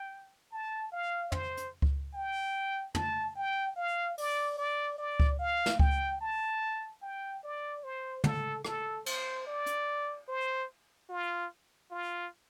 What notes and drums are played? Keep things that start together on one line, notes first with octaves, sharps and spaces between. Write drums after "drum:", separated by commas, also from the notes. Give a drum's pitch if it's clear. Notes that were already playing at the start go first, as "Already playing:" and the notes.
Already playing: G5
A5
F5
C5, drum: tom
drum: hi-hat
drum: kick C#2
G5
A5, drum: tom
G5
F5
D5, drum: open hi-hat
D5
D5
drum: kick C#2
F5
drum: snare
G5, drum: kick C#2
A5
G5
D5
C5
A4, drum: tom
A4, drum: rim click
C5, drum: cymbal
D5
drum: hi-hat
C5
F4
F4